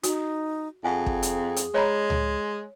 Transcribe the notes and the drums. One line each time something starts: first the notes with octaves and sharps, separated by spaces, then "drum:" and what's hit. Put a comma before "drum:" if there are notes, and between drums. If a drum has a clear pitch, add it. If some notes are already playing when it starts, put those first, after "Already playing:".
D#4 F#4, drum: hi-hat
F2 G#4 F#5 G#5
drum: kick
drum: hi-hat
drum: hi-hat
G#3 C#5 D#5 A#5 B5
drum: tom C#2